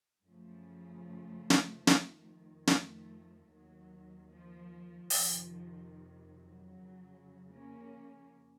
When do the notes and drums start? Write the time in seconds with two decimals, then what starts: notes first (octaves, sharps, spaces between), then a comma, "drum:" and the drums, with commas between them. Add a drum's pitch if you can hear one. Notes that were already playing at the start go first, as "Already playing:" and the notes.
0.25 F#2 C#3 F3 A3
1.50 drum: snare
1.87 F2 D#3, drum: snare
2.67 F3 A3, drum: snare
3.48 D#2 D#3 F#3
4.30 F3
5.10 F2 C3 D#3 F3, drum: open hi-hat
6.32 F#3
6.71 F2 C#3
7.52 A#3 C#4